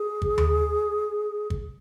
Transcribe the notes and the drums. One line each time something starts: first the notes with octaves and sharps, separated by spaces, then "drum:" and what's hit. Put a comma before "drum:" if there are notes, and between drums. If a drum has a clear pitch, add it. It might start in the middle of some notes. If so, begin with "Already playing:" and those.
Already playing: G#4
drum: kick
drum: tom D#2
drum: kick